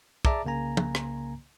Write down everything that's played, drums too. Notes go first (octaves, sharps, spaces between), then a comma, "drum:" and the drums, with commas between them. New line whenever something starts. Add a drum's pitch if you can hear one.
G#4 D5 E5 A5 A#5 D6, drum: kick
C2 C#3 A#3 G#5 A#5
drum: tom
drum: rim click